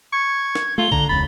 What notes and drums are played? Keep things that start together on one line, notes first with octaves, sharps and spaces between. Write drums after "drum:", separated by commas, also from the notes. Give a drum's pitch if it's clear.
C#6 G#6
drum: snare
A3 F4 G7
D3 A#5, drum: kick B1
E1 C#2 B5 A6